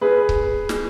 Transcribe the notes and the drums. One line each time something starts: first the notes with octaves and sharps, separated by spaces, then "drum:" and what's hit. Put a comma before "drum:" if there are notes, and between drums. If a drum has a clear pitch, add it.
G#4 B4
drum: kick C#1
drum: snare